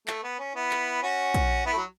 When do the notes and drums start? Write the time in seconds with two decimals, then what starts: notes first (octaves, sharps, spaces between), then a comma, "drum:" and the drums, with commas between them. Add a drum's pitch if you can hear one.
0.08 A3, drum: clap
0.23 B3
0.39 C#4
0.55 B3 E4
0.71 drum: clap
1.02 C#4 F#4
1.34 drum: kick, hi-hat
1.66 B3 E4
1.73 A3
1.77 F#3